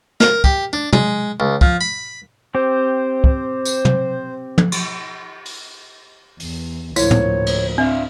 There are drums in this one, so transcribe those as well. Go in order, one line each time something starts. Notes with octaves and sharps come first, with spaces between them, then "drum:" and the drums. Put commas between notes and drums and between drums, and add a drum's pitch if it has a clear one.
A#4, drum: snare
G4, drum: kick
D4
G#3, drum: tom
C#2
F3, drum: kick
B5
C4 G4 C5
drum: kick
drum: tambourine
drum: tom
drum: tom
drum: cymbal
drum: open hi-hat
E2, drum: open hi-hat
D2 A2 F3 A#3 E4 C#5, drum: tambourine
drum: tom
drum: cymbal
C4 D4 E5 F5